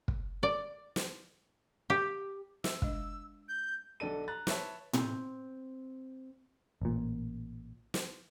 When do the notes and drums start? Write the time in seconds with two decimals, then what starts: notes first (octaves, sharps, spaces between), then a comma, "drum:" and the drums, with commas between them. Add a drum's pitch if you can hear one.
0.08 drum: kick
0.43 D5
0.96 drum: snare
1.90 G4
2.64 E5 E6, drum: snare
2.82 G#3 D4 D#5, drum: kick
3.49 G6
4.00 B1 D3 D4 A4 D#7
4.28 A#5 F#6 A6
4.47 B4 C#5 E5 A5, drum: snare
4.93 C4, drum: tom A2
6.82 A1 A#2
7.94 drum: snare